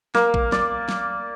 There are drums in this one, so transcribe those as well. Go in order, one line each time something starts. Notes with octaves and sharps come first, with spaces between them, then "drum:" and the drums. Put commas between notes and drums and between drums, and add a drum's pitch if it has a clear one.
A#3, drum: snare
drum: kick A1
D5, drum: snare
drum: snare